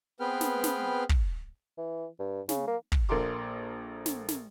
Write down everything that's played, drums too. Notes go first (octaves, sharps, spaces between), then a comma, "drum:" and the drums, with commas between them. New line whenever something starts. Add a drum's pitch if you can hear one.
B3 C4 G#4 B4 G5 F6
drum: snare
drum: snare
drum: kick
E3
G2
C#3, drum: snare
A#3
drum: kick
A#1 A#3 A4 A#4 C6 D6
drum: snare
drum: snare